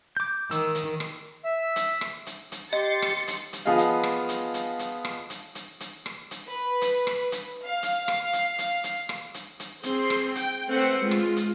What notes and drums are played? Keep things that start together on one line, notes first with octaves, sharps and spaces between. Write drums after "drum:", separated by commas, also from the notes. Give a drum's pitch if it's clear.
D6 G6
D#3 E6, drum: hi-hat
drum: hi-hat
drum: rim click
E5
drum: hi-hat
drum: rim click
drum: hi-hat
drum: hi-hat
G4 D#5 C6 A6 C#7
drum: rim click
drum: hi-hat
drum: hi-hat
F3 B3 F4 G#4 D#5 F5
drum: hi-hat
drum: rim click
drum: hi-hat
drum: hi-hat
drum: hi-hat
drum: rim click
drum: hi-hat
drum: hi-hat
drum: hi-hat
drum: rim click
drum: hi-hat
B4
drum: hi-hat
drum: rim click
drum: hi-hat
F5
drum: hi-hat
drum: rim click
drum: hi-hat
drum: hi-hat
drum: hi-hat
drum: rim click
drum: hi-hat
drum: hi-hat
C4 G#4 C6, drum: hi-hat
drum: rim click
G5, drum: hi-hat
A3 C4 A4 B4 C5 F#5
G#3 F4
drum: rim click
drum: hi-hat